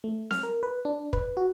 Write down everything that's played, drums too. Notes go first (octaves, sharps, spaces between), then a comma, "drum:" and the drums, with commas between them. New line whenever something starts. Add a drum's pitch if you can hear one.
A3
F6, drum: snare C4
A#4
B4
D4
B4, drum: kick
F#4